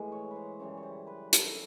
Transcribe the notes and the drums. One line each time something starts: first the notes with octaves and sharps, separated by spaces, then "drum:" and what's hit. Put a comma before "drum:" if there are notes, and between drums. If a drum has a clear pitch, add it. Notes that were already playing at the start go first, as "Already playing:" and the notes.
Already playing: A2 E3 G#3
C#5
B4 C5
F#2 C#3 E3 G3 C#5
C#5
C5
B4
A4, drum: hi-hat
A#4